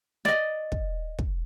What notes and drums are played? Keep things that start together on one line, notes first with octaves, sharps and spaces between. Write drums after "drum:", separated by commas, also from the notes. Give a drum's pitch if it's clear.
D5 D#5, drum: snare
drum: kick
drum: kick